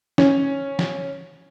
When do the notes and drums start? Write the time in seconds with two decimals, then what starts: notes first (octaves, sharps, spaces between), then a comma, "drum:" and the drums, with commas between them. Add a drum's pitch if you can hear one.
0.18 C#4, drum: snare
0.79 drum: snare